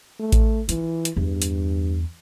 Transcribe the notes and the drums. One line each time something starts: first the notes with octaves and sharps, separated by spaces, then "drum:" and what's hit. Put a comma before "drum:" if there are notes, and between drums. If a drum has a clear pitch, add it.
A3
drum: kick A1, hi-hat
E3 F4, drum: hi-hat
drum: hi-hat
E2 G2
drum: hi-hat